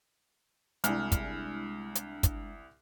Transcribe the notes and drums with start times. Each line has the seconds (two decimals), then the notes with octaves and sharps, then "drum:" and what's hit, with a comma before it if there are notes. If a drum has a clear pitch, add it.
0.84 C2 G#3 D4 E4 G#5 F6, drum: hi-hat
1.12 drum: kick, hi-hat
1.95 drum: hi-hat
2.23 drum: kick, hi-hat